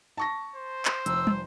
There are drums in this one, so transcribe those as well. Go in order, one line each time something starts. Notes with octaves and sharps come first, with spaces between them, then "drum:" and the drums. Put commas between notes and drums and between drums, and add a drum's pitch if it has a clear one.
A5 C#6 A#6
C5
drum: clap
F1 E6, drum: hi-hat
drum: tom